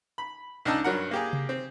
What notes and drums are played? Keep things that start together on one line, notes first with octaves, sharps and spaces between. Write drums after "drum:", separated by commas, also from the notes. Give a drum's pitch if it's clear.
B5
C#2 D4 D#4 D#5 A5 E6
G2 F#3 A#4 F#5
A#3 G4 G#4
drum: tom C3
C4